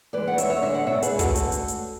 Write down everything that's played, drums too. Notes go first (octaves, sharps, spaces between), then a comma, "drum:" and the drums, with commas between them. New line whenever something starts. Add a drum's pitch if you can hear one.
E3 G#3 B4 D5
F#5
E2 C#5 E5, drum: hi-hat
C#5 E5
D3 G#3 C#5 E5
D5 F#5
B2 C#5 E5
G#4 B4, drum: hi-hat
G#3 C#4
F#4 A4, drum: kick, hi-hat
D2, drum: hi-hat
drum: hi-hat
drum: hi-hat